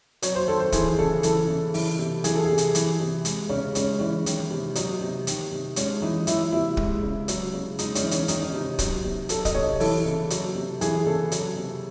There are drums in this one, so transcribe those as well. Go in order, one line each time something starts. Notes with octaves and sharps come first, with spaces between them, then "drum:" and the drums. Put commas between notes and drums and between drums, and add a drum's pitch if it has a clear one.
F#3 C#5, drum: hi-hat
C5
D#3 A4
C5
E3 G#4, drum: kick, hi-hat
C#3 A4
E3 A4, drum: hi-hat
C#3
E3, drum: open hi-hat
C3
E3 G#4, drum: hi-hat
A4
C3 G#4
drum: hi-hat
E3, drum: hi-hat
C3
G#3, drum: hi-hat
C#3 C#4
G#3 C#4, drum: hi-hat
E3 C#4
D#3, drum: hi-hat
C3
F#3 D#4, drum: hi-hat
C3
D#3, drum: hi-hat
C3
G#3 C#4, drum: hi-hat
E3 D#4
E3 E4, drum: hi-hat
C3 E4
G#3, drum: kick
C#3
F#3, drum: hi-hat
C#3
G#3 D#4, drum: hi-hat
C#4, drum: hi-hat
E3
C#4, drum: hi-hat
D#3 D#4, drum: hi-hat
C#4
C3 D#4
F#3, drum: kick, hi-hat
C3
F#3 A4, drum: hi-hat
D#5, drum: kick, hi-hat
C3 C#5
E3 A4, drum: open hi-hat
C#3
F#3, drum: hi-hat
C3
E3 G#4, drum: hi-hat
C#3 A4
F#3, drum: hi-hat
C3